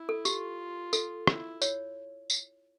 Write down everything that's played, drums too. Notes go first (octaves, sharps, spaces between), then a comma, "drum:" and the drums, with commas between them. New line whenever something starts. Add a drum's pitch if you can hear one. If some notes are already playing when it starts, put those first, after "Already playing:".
Already playing: E4
A4
F4 G4, drum: tambourine
A4, drum: tambourine
E4, drum: rim click
C#5, drum: tambourine
drum: tambourine